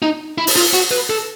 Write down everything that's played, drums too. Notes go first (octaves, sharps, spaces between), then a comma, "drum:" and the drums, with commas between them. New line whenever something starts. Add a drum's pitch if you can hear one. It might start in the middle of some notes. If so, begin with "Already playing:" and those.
D#4
E4
drum: open hi-hat
F4
F#4
B4
A4